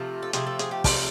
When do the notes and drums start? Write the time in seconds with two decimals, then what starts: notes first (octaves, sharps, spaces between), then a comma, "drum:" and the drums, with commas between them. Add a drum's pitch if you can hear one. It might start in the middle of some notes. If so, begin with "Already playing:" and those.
Already playing: C3 F3 A3
0.23 A4
0.33 C3 F3 A3 G#4, drum: hi-hat
0.47 A4
0.59 G#4, drum: hi-hat
0.71 G4
0.84 C3 F3 A3 F4, drum: kick, open hi-hat